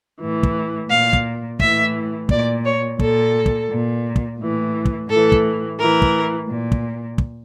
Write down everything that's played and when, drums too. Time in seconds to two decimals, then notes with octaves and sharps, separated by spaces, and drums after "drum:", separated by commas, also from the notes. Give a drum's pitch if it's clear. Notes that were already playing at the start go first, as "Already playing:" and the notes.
0.20 A2 E3
0.43 drum: kick
0.89 A#2 F5
1.13 drum: kick
1.60 A2 E3 E5, drum: kick
2.29 A#2 D5, drum: kick
2.64 C#5
2.99 A#2 A4, drum: kick
3.46 drum: kick
3.69 A#2
4.16 drum: kick
4.39 A2 E3
4.85 drum: kick
5.09 A2 E3 A4
5.32 drum: kick
5.78 A2 E3 A#4
6.02 drum: kick
6.49 A#2
6.72 drum: kick
7.18 drum: kick